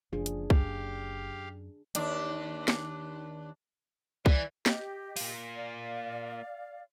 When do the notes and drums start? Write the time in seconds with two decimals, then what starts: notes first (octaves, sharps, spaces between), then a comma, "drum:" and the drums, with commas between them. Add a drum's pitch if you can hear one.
0.13 F#1 F3 D4 G#4
0.26 drum: hi-hat
0.50 F#2 G4 F5, drum: kick C2
1.95 D#2 D4, drum: hi-hat
2.68 drum: snare
4.26 E3 D5, drum: kick C2
4.66 G4 D#5, drum: snare
5.17 A#3 F4, drum: open hi-hat
5.56 D5 F5